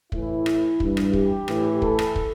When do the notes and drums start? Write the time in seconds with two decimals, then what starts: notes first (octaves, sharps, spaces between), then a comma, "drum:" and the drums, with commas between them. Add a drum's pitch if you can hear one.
0.12 A2 E3 E4, drum: kick
0.46 drum: rim click
0.80 G2 E3, drum: kick
0.97 drum: rim click
1.13 G4, drum: kick
1.48 A2 E3, drum: rim click
1.82 A4, drum: kick
1.99 drum: rim click
2.16 drum: kick